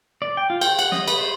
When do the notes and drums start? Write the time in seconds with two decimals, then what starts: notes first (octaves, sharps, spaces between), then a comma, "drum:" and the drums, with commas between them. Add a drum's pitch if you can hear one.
0.22 D5
0.37 G5
0.50 F4
0.61 G5, drum: cymbal
0.79 F#5, drum: cymbal
0.92 D#5, drum: snare
1.08 B4, drum: cymbal
1.20 C5